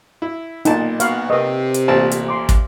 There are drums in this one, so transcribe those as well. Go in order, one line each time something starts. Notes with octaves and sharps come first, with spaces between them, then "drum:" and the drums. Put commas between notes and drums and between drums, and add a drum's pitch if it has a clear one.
E4
B1 A#2 D#4 A5, drum: hi-hat
B3 F#4 F5, drum: hi-hat
C3 G4 A#4 B4 D#5
drum: hi-hat
A1 A#2 C5 E5 F5 A5
drum: hi-hat
C6 D6
drum: kick, hi-hat